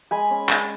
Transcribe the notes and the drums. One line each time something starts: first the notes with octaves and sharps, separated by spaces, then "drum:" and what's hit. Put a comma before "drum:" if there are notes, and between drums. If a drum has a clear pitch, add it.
G#3 G#5 B5
C#4
G#3, drum: clap